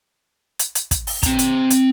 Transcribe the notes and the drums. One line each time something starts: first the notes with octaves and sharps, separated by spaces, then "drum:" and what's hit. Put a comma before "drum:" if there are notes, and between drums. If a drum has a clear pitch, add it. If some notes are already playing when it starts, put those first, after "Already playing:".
drum: hi-hat
drum: hi-hat
drum: kick, hi-hat
drum: open hi-hat
C4 A#5, drum: kick, hi-hat
drum: hi-hat
drum: hi-hat